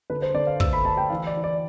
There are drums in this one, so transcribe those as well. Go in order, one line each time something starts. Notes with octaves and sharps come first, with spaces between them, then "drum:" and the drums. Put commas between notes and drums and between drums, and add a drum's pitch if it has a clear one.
D3 B4
C5
D3 D5
F5
A3 E6, drum: kick
B5
A3 A5
G5
E3 F5
D5
E3
D5